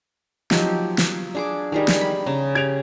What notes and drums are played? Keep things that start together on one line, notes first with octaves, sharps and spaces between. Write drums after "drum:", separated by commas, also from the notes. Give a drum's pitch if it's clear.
F3 F#3 D#4 G4, drum: snare
drum: snare
D4 G#4 D6
D#3 G3 G#4 A#4
drum: snare
B5
C#3 A#5
G4 G#6 D7 F7